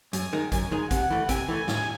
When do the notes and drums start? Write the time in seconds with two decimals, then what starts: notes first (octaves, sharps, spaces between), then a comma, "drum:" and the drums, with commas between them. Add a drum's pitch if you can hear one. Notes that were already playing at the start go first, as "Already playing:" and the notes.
0.13 F#2 G#5, drum: hi-hat
0.33 D#3 G#3 D#4
0.52 F#2 G#5, drum: kick, hi-hat
0.71 D#3 G#3 D#4
0.91 C3 F#5, drum: kick, hi-hat
1.11 E3 A3
1.29 C3 G#5, drum: kick, hi-hat
1.49 E3 A3
1.68 A2, drum: snare